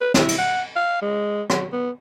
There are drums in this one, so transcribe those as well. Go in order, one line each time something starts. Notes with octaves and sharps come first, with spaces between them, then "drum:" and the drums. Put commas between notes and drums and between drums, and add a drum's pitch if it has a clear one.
B4
E4, drum: snare
drum: cymbal
F#5
F5
G#3
F#3, drum: rim click
B3